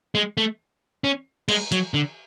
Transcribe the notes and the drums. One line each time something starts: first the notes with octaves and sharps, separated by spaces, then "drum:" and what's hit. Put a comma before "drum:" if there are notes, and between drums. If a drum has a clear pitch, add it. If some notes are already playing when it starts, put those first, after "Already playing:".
G#3
A3
C#4
G#3, drum: cymbal
F#3, drum: hi-hat
D3